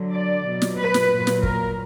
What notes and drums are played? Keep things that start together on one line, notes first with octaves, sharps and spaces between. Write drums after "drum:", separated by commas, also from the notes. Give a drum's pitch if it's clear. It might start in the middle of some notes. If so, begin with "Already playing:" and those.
Already playing: D3 F#3
D5
B2 F#3
drum: snare
B4
drum: snare
A#2 F#3
drum: snare
A#4, drum: kick